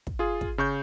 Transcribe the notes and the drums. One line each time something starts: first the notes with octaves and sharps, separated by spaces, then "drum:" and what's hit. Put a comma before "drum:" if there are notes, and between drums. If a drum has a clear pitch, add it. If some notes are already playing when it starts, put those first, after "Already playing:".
drum: kick
F4 G#4
drum: kick
C#3 C#6 G6